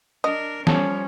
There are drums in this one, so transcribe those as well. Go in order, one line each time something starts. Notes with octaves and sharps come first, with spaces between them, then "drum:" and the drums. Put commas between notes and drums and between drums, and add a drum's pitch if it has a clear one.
D4 A#4 D#5
F3 G3 C#4 A4, drum: snare